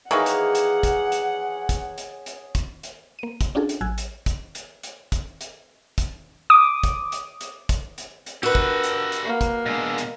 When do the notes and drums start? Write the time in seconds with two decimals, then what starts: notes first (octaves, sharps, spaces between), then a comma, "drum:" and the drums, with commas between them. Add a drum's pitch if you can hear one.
0.11 D#3 E3 A#3 G#4 C#5 F#5
0.26 drum: hi-hat
0.55 drum: hi-hat
0.83 drum: kick, hi-hat
1.12 drum: hi-hat
1.69 drum: kick, hi-hat
1.98 drum: hi-hat
2.26 drum: hi-hat
2.55 drum: kick, hi-hat
2.83 drum: hi-hat
3.19 A#3 D#7
3.41 drum: kick, hi-hat
3.55 C#4 D4 F4 F#4 G#4 A4
3.69 drum: hi-hat
3.81 A1 F#3 G#5 E6 F#6 G#6
3.98 drum: hi-hat
4.26 drum: kick, hi-hat
4.55 drum: hi-hat
4.83 drum: hi-hat
5.12 drum: kick, hi-hat
5.41 drum: hi-hat
5.98 drum: kick, hi-hat
6.50 D6 D#6
6.84 drum: kick, hi-hat
7.12 drum: hi-hat
7.41 drum: hi-hat
7.69 drum: kick, hi-hat
7.98 drum: hi-hat
8.26 drum: hi-hat
8.43 D4 F#4 G4 A#4 B4 F#5 E6
8.55 drum: kick
8.84 drum: hi-hat
9.12 drum: hi-hat
9.24 A#3
9.41 drum: kick, hi-hat
9.66 B2 G#3 D4 E6
9.98 drum: hi-hat